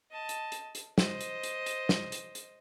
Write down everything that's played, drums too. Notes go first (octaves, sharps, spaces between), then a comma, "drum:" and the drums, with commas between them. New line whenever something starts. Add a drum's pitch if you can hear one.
D#5 A5
drum: hi-hat
drum: hi-hat
drum: hi-hat
C5 D#5, drum: snare
drum: hi-hat
drum: hi-hat
drum: hi-hat
drum: snare
drum: hi-hat
drum: hi-hat